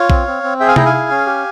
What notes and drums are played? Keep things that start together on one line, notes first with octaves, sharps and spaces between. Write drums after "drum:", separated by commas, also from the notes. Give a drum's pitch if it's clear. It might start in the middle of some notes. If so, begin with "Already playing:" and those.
Already playing: F4 C#5 F5
C4, drum: kick A#1
C4
C4
G#4 E5 G5
F5 G#5
E4 G5 A#5, drum: tom C3
F5 G#5
G#4
C#4
G4